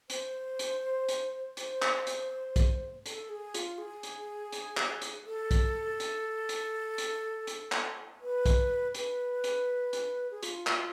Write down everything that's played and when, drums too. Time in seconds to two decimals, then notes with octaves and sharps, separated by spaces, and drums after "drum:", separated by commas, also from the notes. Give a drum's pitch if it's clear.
0.10 C5, drum: hi-hat
0.59 drum: hi-hat
1.08 drum: hi-hat
1.57 C5, drum: hi-hat
1.82 drum: clap
2.07 drum: hi-hat
2.56 drum: kick, hi-hat
3.06 A4, drum: hi-hat
3.29 G#4
3.54 F4, drum: hi-hat
3.78 G#4
4.03 drum: hi-hat
4.52 drum: hi-hat
4.77 drum: clap
5.02 drum: hi-hat
5.27 A4
5.51 drum: kick, hi-hat
6.00 drum: hi-hat
6.49 drum: hi-hat
6.98 drum: hi-hat
7.47 drum: hi-hat
7.72 drum: clap
8.21 B4
8.46 drum: kick, hi-hat
8.95 B4, drum: hi-hat
9.44 drum: hi-hat
9.93 drum: hi-hat
10.31 G#4
10.43 F4, drum: hi-hat
10.67 drum: clap